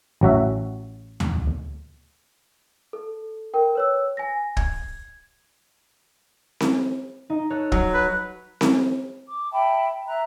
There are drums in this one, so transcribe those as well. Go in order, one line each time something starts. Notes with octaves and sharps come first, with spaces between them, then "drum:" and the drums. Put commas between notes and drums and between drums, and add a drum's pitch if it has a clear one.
A1 F#3 F#4 E5
drum: tom D2
A4
A#4 G5
B4 C#5 E6
G#5 A#6
G#6, drum: kick
drum: snare C4
D#4 D#5
A4 C#5 F#6
F#3, drum: kick
B4
drum: snare C4
D6
E5 G5 A5 B5
E5 A#5 F#6